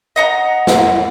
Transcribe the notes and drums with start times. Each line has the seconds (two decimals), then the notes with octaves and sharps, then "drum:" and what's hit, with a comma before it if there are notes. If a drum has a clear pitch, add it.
0.16 D#5 F#5 A#5
0.67 drum: snare